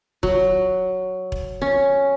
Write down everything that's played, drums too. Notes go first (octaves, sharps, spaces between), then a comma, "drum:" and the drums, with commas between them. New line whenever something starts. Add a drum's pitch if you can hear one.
F#3, drum: kick E1
drum: kick E1
C#4